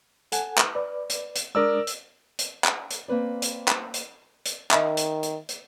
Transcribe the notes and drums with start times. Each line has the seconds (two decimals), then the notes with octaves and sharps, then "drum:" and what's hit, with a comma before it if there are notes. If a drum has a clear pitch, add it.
0.32 A4 F#5 G#5, drum: hi-hat
0.58 drum: clap
0.75 B4 D5
1.09 drum: hi-hat
1.35 drum: hi-hat
1.55 G#3 D4 A#4 D5 D#6 E6
1.87 drum: hi-hat
2.39 drum: hi-hat
2.64 drum: clap
2.90 drum: hi-hat
3.08 A#3 C4 B4 D5
3.42 drum: hi-hat
3.68 drum: clap
3.94 drum: hi-hat
4.45 drum: hi-hat
4.71 D#3 D#5 E5, drum: clap
4.97 drum: hi-hat
5.23 drum: hi-hat
5.49 drum: hi-hat